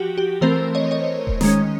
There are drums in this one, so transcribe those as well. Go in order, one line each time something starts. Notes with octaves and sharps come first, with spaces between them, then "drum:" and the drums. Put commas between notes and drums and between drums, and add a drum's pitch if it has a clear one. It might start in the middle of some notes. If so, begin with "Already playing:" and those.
Already playing: F3 F#4 G4
G4
E3 A3 C4 A#4 C5
C#5 D#5
C#5 D#5
drum: kick D#1
D#3 G#3 C#4, drum: snare